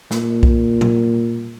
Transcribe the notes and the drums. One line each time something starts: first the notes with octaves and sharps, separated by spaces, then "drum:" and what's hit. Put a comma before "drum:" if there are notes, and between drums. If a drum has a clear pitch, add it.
A#2, drum: snare
drum: kick
drum: tom A#2